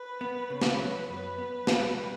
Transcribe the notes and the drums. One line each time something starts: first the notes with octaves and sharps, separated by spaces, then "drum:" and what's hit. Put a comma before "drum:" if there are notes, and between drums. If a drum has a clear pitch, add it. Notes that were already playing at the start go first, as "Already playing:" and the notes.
Already playing: B4
B3
C#3
drum: snare
F#3
F#2 B4
B3
B2, drum: snare
G3